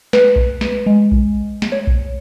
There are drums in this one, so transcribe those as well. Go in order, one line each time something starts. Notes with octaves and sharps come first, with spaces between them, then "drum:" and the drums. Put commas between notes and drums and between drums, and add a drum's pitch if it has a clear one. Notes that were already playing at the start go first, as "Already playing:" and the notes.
B4, drum: snare
drum: kick A#1
drum: snare
G#3
drum: kick A#1
drum: snare
C#5
drum: kick A#1